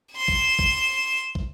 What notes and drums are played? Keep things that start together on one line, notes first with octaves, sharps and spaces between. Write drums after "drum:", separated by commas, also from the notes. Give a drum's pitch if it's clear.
C6 E7
drum: kick
drum: kick
drum: kick